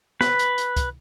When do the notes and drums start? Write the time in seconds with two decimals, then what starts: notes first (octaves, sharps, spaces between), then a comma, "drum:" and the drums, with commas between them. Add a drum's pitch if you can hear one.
0.21 B4, drum: snare
0.39 drum: hi-hat
0.58 drum: hi-hat
0.77 drum: kick, hi-hat